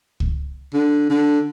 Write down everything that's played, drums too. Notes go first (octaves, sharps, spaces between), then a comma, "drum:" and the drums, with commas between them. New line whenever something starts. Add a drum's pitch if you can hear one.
drum: kick C#2
D3
D3